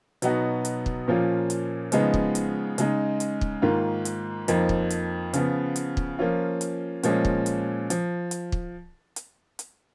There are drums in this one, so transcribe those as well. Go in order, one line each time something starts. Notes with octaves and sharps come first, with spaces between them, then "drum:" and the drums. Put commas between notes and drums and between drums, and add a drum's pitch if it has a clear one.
B2 F#3 B3 D#4 F#4, drum: hi-hat
drum: hi-hat
drum: kick
A#2 F3 A#3 C#4 F4
drum: hi-hat
C#3 F3 G#3 B3 D#4, drum: hi-hat
drum: kick
drum: hi-hat
C#3 G#3 D#4, drum: hi-hat
drum: hi-hat
drum: kick
G#2 D#3 A#3 F4
drum: hi-hat
F2 F3 A#3 D#4, drum: hi-hat
drum: kick
drum: hi-hat
C#3 F3 B3, drum: hi-hat
drum: hi-hat
drum: kick
F3 A#3 C#4 F4
drum: hi-hat
A#2 F3 G#3 C#4, drum: hi-hat
drum: kick
drum: hi-hat
F3, drum: hi-hat
drum: hi-hat
drum: kick
drum: hi-hat
drum: hi-hat